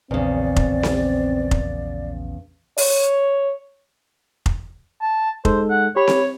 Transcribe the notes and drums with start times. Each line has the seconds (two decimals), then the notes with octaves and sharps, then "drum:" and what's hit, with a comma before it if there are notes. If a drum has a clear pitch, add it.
0.11 A#1 E2 C#3 C4 D5
0.56 drum: kick F1
0.83 drum: snare C4
1.51 drum: kick F1
2.78 C#5, drum: open hi-hat
4.46 drum: kick F1
5.01 A5
5.45 G#3 D#4 A4 C5, drum: kick F1
5.70 F#5
5.96 G4 C#5 B5
6.07 drum: snare C4